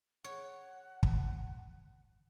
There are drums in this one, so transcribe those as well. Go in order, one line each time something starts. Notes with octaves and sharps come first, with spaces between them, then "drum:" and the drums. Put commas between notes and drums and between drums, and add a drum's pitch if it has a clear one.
C#5 F#5
drum: kick